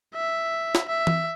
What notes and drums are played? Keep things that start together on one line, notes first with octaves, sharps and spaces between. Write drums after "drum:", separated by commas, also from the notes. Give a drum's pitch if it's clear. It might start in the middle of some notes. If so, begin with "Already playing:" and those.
E5
drum: snare
E5
drum: tom E3